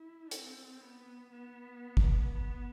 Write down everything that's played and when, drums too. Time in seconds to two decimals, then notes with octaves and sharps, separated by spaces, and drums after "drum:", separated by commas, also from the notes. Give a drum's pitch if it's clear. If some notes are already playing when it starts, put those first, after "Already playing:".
Already playing: E4
0.31 C4, drum: hi-hat
0.81 B3
1.31 B3
1.97 drum: kick
2.32 B3